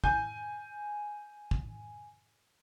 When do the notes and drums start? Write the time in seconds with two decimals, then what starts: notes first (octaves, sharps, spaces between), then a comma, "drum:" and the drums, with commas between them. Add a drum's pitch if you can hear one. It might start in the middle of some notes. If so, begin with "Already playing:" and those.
0.04 G#5 G6, drum: kick
1.51 drum: kick